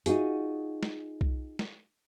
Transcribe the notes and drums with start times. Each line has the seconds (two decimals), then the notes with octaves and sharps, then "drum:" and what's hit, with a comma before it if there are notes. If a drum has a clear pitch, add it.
0.06 D#4 F4 F#4 G#4, drum: hi-hat
0.83 drum: snare
1.21 drum: kick B1
1.59 drum: snare